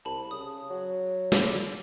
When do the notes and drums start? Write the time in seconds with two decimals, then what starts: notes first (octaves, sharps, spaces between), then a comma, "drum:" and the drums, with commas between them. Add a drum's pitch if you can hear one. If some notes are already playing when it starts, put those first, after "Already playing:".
0.05 C2 A5 B5
0.31 C#3 D#6
0.70 F#3
1.32 drum: snare